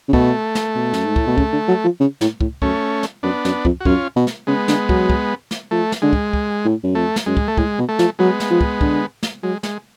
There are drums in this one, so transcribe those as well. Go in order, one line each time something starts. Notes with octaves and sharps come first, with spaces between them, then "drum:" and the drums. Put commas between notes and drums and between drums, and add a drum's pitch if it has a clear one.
C#3
B2 A3, drum: kick
drum: snare
B2
F#2, drum: snare
G#2
A2, drum: kick
B2
C#3, drum: kick
D3
F#3
F3
C#3
A2, drum: snare
A2, drum: kick
F#2 A3 C#4, drum: kick
drum: snare
F#2 B3 D4
F#2, drum: snare
F2, drum: kick
F#4
F#2 C#4 F4, drum: kick
B2
drum: snare
C#3 G#3 B3
D3, drum: snare
F#3, drum: kick
drum: kick
drum: snare
F3 A3
drum: snare
D3 G#3
drum: kick
drum: kick
A2
F#2
F2 A3
drum: snare
F#2 G#3
drum: kick
A3
A2 G#3, drum: kick
B2
A3
F3, drum: snare
F#3 G#3 B3
drum: snare
F3
drum: kick
D3, drum: kick
drum: snare
F#3 G#3
G#3, drum: snare